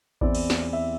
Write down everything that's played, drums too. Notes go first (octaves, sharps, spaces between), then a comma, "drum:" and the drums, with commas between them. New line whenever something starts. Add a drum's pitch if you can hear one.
E2 E3 C4 E4 D5, drum: kick A1
drum: cymbal
drum: snare
E5